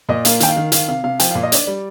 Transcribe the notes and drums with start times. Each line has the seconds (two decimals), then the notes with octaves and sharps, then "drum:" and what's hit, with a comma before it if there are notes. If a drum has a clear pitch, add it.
0.09 A#2 D#5
0.25 A#3 F5, drum: hi-hat
0.40 D#3 G5, drum: hi-hat
0.49 F5
0.56 D#3
0.72 D#3 F5, drum: hi-hat
0.88 C3 F5
1.03 C3 F5
1.19 F3 G5, drum: hi-hat
1.31 A#2 F5
1.43 D#5
1.52 D4 D5, drum: hi-hat
1.67 G3